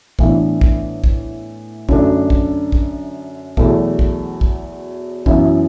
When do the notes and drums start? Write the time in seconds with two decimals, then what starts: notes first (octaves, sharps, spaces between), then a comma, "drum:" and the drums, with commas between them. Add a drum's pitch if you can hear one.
0.19 A2 E3 B3 D4, drum: kick
0.61 drum: kick
1.04 drum: kick
1.89 F#2 D3 A3 D4, drum: kick
2.30 drum: kick
2.72 drum: kick
3.57 E2 B2 F#3 A3, drum: kick
3.99 drum: kick
4.41 drum: kick
5.26 F#2 E3 B3 E4, drum: kick